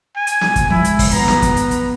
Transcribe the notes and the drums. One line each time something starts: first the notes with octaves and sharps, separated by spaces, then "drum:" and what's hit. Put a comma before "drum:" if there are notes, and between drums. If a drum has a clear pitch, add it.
G#5
drum: hi-hat
drum: snare
drum: kick, hi-hat
F3 G#3 E4
drum: hi-hat
drum: kick, open hi-hat
B3 A#5, drum: hi-hat
drum: snare
drum: kick, hi-hat
drum: hi-hat
drum: hi-hat